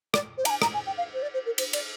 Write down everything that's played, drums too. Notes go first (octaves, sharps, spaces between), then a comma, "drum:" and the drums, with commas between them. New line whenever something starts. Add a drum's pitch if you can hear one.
D5, drum: rim click
C5
A#5, drum: cymbal
G#5
A#5, drum: rim click
G#5
G5
F5
C5
D5
C5
A#4
C5, drum: cymbal
D5, drum: cymbal